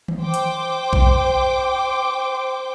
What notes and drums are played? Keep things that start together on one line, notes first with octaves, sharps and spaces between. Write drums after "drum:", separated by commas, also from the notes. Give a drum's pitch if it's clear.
drum: tom D#3
C5 G5 D6
drum: hi-hat
drum: kick B1